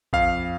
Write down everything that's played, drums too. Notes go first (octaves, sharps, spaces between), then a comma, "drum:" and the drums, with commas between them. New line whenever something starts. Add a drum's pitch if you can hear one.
F2 F5, drum: kick A1